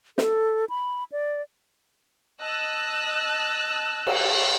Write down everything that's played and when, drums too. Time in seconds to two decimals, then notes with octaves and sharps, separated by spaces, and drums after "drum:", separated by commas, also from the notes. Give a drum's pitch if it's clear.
0.18 A4, drum: snare
0.70 B5
1.12 D5
2.41 D#5 A5 E6 F#6
4.07 drum: cymbal